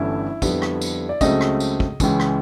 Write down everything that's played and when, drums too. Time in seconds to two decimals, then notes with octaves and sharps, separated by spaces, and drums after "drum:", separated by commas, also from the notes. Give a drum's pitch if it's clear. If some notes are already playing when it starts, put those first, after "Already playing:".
Already playing: G1 G2 E3 A3 C#4 E4 E5
0.42 F2 D3 G3 B3, drum: kick, tambourine
0.62 drum: rim click
0.81 drum: tambourine
1.09 D5
1.21 C#2 C#3 F#3 A3 C4 D#5, drum: kick, tambourine
1.41 drum: rim click
1.60 drum: tambourine
1.80 drum: kick
2.00 C#2 C#3 E3 G#3, drum: kick, tambourine
2.20 drum: rim click